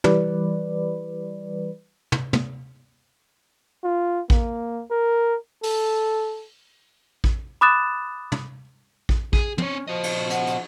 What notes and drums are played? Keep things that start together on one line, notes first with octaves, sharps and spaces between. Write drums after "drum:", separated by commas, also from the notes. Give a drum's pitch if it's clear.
E3 G3 B4 D5, drum: tom
drum: tom
drum: tom
F4
A#3, drum: kick A1
A#4
A4, drum: open hi-hat
drum: kick A1
B5 D6 D#6 F#6 A6 E7
drum: tom
drum: kick A1
G#4, drum: kick A1
C4 C#4 C#5, drum: tom
F3 F#4 D#5
drum: cymbal
F#5, drum: hi-hat
drum: hi-hat